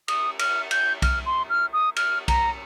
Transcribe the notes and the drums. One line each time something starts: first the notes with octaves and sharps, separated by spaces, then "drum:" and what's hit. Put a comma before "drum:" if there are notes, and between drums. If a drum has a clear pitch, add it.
D#6, drum: cymbal
F6, drum: cymbal
G6, drum: cymbal
F6, drum: kick B1, cymbal
C6
F6
D#6
F6, drum: cymbal
A#5, drum: kick B1, cymbal